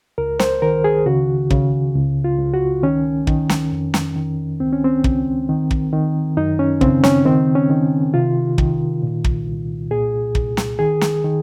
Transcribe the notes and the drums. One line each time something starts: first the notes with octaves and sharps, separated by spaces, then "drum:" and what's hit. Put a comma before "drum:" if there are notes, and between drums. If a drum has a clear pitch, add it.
C#2 A#4
C5, drum: snare
D#3 A#4
G#4
C#3 F#4
C#3, drum: kick
C#2
F4
C#2
F#4
D#3 C#4
D#3, drum: kick
drum: snare
F2
drum: snare
D#3
C#2 C4
C#4
C4
C#2, drum: kick
D#3
drum: kick
D#3
F#2 D#4
C#4
C#3 C4, drum: kick
C#4, drum: snare
D#3 C4
C#4
D#3
C3 F4
D#3, drum: kick
A#2
drum: kick
C2
A#2 G#4
C2, drum: kick
drum: snare
D#3 G#4
drum: snare
D#3